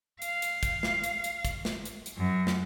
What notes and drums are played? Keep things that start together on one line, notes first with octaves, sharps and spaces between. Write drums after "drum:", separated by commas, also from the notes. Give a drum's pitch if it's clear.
F5, drum: hi-hat
drum: hi-hat
drum: kick, hi-hat
drum: snare
drum: hi-hat
drum: hi-hat
drum: kick, hi-hat
drum: snare
drum: hi-hat
drum: hi-hat
F#2
drum: snare